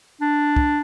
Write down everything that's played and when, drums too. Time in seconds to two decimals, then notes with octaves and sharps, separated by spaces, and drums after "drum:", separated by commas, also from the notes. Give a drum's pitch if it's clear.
0.21 D4
0.56 drum: kick